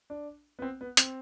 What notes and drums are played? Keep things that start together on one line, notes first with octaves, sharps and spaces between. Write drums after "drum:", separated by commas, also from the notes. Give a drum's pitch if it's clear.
D4
B3
C4
B3
C4, drum: hi-hat